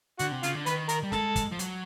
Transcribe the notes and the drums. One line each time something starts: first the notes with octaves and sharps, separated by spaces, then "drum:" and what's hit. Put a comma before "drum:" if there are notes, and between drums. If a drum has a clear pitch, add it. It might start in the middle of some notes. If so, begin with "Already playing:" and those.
D3 F#4 F#5, drum: hi-hat
C3
C#3 F4 F5, drum: hi-hat
D3
D#3 B4 B5, drum: hi-hat
A#4 A#5, drum: hi-hat
G3
G#3 A4 A5, drum: snare
drum: kick, hi-hat
F3
F#3, drum: hi-hat